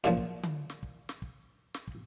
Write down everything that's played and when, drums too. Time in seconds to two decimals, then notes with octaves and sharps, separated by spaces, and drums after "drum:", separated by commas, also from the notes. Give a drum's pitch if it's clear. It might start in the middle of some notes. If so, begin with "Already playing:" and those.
0.04 F#2 A#2 F3, drum: snare
0.17 drum: kick
0.43 drum: tom D3
0.70 drum: snare
0.83 drum: kick
1.09 drum: snare
1.22 drum: kick
1.74 drum: snare
1.87 drum: kick